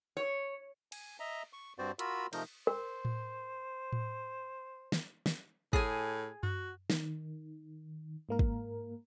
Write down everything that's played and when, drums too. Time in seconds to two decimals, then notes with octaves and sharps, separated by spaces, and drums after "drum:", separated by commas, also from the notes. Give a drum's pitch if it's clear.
0.17 C#5
0.92 G#5, drum: cymbal
1.20 D#5 E5 A#5
1.53 C#6
1.79 G2 C4 F#4 C5 D5
1.99 F4 F#4 A#4 B5 E6, drum: hi-hat
2.33 C3 F3 A3 D#4 A#4 G6, drum: cymbal
2.67 A#4 C5
3.05 drum: tom A2
3.93 drum: tom A2
4.92 drum: snare
5.26 drum: snare
5.73 A2 G#4 G#5, drum: kick
6.43 F#4, drum: tom F#2
6.90 D#3, drum: snare
8.29 G#2 A#3 A#4
8.39 drum: kick